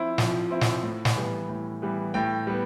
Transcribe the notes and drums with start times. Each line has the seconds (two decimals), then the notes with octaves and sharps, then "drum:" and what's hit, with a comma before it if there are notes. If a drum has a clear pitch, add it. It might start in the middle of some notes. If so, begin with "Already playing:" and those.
Already playing: F3 C4 E4
0.18 F3, drum: snare
0.51 C4 E4
0.61 drum: snare
0.84 A2
1.05 drum: snare
1.16 E3 G3 B3
1.49 A2
1.82 E3 G3 B3
2.14 A2 G5
2.47 G3 B3